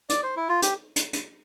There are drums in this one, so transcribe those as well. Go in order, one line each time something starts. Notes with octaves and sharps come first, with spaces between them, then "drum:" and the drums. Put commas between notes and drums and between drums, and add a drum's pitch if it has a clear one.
D5, drum: hi-hat
C5
E4
F4
G4, drum: hi-hat
drum: hi-hat
drum: hi-hat